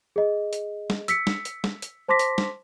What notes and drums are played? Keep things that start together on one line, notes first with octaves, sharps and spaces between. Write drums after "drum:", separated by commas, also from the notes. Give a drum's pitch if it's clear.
G#4 D#5
drum: hi-hat
drum: snare
E6 B6 C#7, drum: hi-hat
drum: snare
drum: hi-hat
drum: snare
drum: hi-hat
C5 A5 C6 D6 A#6 B6
drum: hi-hat
drum: snare